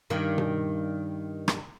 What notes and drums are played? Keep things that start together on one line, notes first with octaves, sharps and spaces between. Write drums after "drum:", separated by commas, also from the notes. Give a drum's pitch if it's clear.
G2 D#3
drum: tom B2
drum: rim click